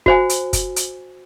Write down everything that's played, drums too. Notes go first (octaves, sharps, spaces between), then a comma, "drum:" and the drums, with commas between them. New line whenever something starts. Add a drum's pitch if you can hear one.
F#4 C5 G#5, drum: kick
drum: hi-hat
drum: kick, hi-hat
drum: hi-hat